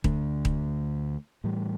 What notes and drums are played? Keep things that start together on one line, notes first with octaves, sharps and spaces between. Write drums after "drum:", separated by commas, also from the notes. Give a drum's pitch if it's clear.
D2 D3 A3, drum: kick D#1
drum: kick D#1
A2 E3 G3